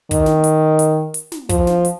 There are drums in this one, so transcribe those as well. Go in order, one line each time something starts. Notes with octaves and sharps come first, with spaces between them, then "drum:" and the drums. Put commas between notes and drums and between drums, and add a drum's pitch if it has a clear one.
D#3, drum: kick, hi-hat
drum: snare
drum: hi-hat
drum: hi-hat
drum: hi-hat
drum: snare
F3, drum: kick, hi-hat
drum: snare
drum: hi-hat